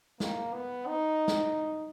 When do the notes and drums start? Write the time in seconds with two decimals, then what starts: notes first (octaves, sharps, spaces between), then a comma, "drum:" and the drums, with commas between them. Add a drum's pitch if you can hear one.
0.20 A#3, drum: snare
0.54 B3
0.87 D#4
1.28 drum: snare